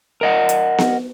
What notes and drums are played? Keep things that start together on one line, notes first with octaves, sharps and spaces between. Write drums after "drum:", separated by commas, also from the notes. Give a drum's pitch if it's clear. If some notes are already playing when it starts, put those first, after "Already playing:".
A#4 D#5 F#5
drum: hi-hat
drum: snare B3